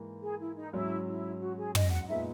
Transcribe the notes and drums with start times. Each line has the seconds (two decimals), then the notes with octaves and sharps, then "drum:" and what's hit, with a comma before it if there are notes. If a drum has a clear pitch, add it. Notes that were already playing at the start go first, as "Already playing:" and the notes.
Already playing: G#2 E3 A#3
0.22 G#4
0.39 E4
0.56 D#4
0.73 G#2 F#3 C#4 E4
1.07 E4
1.41 F#4
1.57 G#4
1.75 D#5, drum: tom
1.91 F#5
2.08 A#2 G#3 B3 D#4 E5